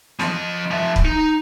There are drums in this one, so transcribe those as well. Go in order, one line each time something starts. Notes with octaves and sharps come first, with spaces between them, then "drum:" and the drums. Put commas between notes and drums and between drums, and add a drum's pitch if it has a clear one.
F3 D#5, drum: snare
F3 E5
drum: kick
D#4